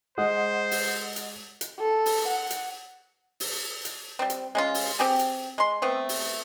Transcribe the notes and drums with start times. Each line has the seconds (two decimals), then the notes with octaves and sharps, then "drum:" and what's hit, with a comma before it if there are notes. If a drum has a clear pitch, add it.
0.18 G#3 C5 D#5 F#5 D#6
0.71 drum: open hi-hat
1.16 drum: hi-hat
1.61 drum: hi-hat
1.80 A4
2.06 drum: open hi-hat
2.28 F#5
2.50 drum: hi-hat
3.40 drum: open hi-hat
3.85 drum: hi-hat
4.19 G3 C4
4.30 drum: hi-hat
4.55 G#3 C#4 F4
4.74 drum: open hi-hat
4.99 C4 G4 G#4
5.19 drum: hi-hat
5.58 G#3 C6
5.82 A3 B3 C4
6.09 drum: open hi-hat